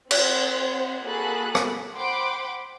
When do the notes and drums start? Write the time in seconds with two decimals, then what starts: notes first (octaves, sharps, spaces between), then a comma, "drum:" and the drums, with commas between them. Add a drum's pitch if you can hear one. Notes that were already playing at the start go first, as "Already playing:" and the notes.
0.11 C4 C5 F#5, drum: cymbal
1.05 A#3 F#4 G#4 A4 B5 F#6
1.55 drum: rim click
1.96 C5 F#5 G5 B5 C6 D6